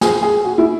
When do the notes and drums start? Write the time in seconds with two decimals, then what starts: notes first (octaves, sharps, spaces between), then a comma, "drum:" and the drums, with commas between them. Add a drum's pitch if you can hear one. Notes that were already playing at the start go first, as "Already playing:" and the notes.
0.01 G#4, drum: snare
0.23 G#4
0.45 F#4
0.58 E4